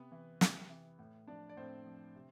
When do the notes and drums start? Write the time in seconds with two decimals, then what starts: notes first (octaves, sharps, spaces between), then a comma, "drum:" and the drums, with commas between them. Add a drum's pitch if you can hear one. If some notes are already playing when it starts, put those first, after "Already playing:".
Already playing: C3 B3 B4
0.12 E3
0.41 C3, drum: snare
0.70 E3
0.99 A2
1.27 F3 D4 D5
1.49 D5
1.57 A2 C4 C5
1.86 F3
2.15 C3